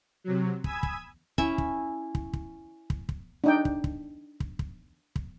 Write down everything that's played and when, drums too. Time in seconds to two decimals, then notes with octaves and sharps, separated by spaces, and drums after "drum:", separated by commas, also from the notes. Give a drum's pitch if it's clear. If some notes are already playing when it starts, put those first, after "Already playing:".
0.24 C3 F#3
0.64 G#5 B5 D#6 E6 G#6, drum: kick
0.83 drum: kick
1.38 C#4 E4 E5, drum: kick
1.58 drum: kick
2.15 drum: kick
2.33 drum: kick
2.90 drum: kick
3.09 drum: kick
3.44 D4 D#4 G5
3.65 drum: kick
3.84 drum: kick
4.40 drum: kick
4.59 drum: kick
5.16 drum: kick